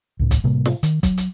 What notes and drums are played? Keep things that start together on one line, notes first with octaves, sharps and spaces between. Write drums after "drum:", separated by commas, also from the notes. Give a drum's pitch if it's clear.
C#2 A2
drum: kick, hi-hat
A2 C3 G3 A#3
drum: snare
D#3, drum: hi-hat
F#3, drum: kick, hi-hat
drum: hi-hat